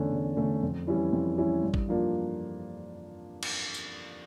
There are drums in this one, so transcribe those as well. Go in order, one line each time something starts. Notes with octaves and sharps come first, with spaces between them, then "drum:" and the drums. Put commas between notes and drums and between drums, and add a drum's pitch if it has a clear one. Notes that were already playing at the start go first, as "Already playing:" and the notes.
Already playing: E2 D3 A3 C#4
E2
D3 A3 C#4
F2
E3 G3 C#4 E4
F2
E3 G3 C#4 E4
G2
drum: kick G#1
F3 A#3 D4 F4
drum: cymbal
drum: tambourine